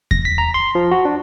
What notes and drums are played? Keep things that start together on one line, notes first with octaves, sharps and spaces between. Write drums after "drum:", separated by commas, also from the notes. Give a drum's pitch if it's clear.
A#6, drum: kick E2
B6
A#5
C6
F3
F#4
D4